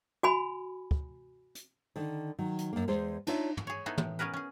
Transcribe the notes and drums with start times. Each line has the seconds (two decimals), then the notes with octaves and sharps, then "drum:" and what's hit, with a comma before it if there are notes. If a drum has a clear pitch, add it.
0.23 F#4 G#5 B5
0.91 drum: kick
1.55 drum: hi-hat
1.96 D3 D#3
2.39 D#3 F#3
2.58 drum: hi-hat
2.73 F#2 A#3
2.88 E2 G#3 C5
3.27 D4 D#4 F4 C#5 E5, drum: cymbal
3.57 drum: tom
3.67 G#4 C#5
3.86 B3 D#4 E4 G#4 A4
3.98 A2, drum: tom
4.19 B3 C#4 G#4 A#4 B4
4.34 C#4 G#4